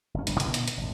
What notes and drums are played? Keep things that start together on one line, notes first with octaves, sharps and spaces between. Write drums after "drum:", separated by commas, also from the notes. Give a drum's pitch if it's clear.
F#1 C#4
F#1 G3 G#3 D4, drum: hi-hat
A#2 D3 D#3, drum: hi-hat
drum: hi-hat
drum: hi-hat
G#1 D2